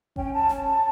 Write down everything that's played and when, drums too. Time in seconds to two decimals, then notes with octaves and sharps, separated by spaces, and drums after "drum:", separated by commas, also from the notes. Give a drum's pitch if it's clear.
0.16 C#4 G5, drum: kick G1
0.33 A5
0.49 drum: snare
0.66 A5